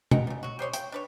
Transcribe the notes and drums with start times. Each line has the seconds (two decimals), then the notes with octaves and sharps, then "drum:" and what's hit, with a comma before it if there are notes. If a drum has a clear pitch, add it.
0.11 D#5 F#5 G5 A#5, drum: tom
0.27 C#3 G3
0.43 F#3 F#4
0.59 G4 C5 C#5 D#5
0.73 G5, drum: hi-hat
0.92 D4 B4 C#5